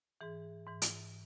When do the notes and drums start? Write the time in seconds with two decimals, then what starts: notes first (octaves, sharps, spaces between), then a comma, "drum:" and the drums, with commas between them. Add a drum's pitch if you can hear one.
0.21 G#2 E3 G#4
0.66 G#2 E3
0.82 drum: hi-hat